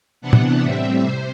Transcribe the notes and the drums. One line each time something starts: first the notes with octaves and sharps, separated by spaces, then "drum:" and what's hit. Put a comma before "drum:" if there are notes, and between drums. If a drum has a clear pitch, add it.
C3 E3 B3 D4 F#5
drum: tom
A2 G3 C4 E5
C3 C5